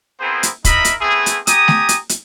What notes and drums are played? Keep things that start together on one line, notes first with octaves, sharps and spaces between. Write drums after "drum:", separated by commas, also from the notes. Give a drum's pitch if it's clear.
B3 C4 E4 G#4 A#4 C5
drum: hi-hat
D#4 E4 A#4 D#5 E5 B5, drum: kick, hi-hat
drum: hi-hat
A3 B3 C4 E4 G#4
drum: hi-hat
G4 G#5 A#5 D#6, drum: hi-hat
drum: snare A3
drum: hi-hat
drum: hi-hat